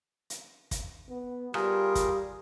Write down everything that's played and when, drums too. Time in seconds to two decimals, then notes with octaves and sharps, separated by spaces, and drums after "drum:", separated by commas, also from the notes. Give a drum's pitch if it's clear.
0.30 drum: hi-hat
0.71 drum: kick, hi-hat
1.09 B3
1.54 G3 F4 G#4 A#4, drum: rim click
1.95 drum: kick, hi-hat